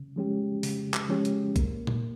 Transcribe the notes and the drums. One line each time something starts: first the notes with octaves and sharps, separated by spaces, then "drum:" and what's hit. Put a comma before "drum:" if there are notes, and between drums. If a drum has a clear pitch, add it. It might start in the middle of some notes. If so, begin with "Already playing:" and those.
Already playing: C#3
F3 G#3 C#4 G4
C#3, drum: open hi-hat
drum: clap
F3 G#3 C#4 G4
drum: hi-hat
A#3, drum: kick, hi-hat
drum: tom A#2